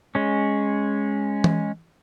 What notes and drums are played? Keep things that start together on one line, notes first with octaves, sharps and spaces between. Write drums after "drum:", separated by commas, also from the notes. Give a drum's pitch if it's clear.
G#3 C#4
drum: tom E3